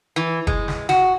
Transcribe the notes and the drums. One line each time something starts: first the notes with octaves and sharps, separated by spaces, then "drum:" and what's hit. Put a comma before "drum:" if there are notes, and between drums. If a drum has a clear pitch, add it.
E3
G#3, drum: kick
drum: snare
F#4, drum: snare